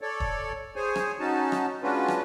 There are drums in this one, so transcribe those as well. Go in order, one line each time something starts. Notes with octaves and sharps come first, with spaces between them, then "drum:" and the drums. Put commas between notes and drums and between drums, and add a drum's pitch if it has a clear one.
A4 C#5 D5
drum: kick
G#4 C5 C#5 G#5
drum: rim click
C#4 D#4 F#4 A5
drum: rim click
G#3 C#4 D4 F4 F#4 B4
drum: rim click